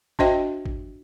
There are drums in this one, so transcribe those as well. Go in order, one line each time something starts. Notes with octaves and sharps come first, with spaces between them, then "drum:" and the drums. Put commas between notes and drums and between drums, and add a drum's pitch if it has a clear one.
D4 F#4 C5 D#5 E5 G5, drum: kick
drum: kick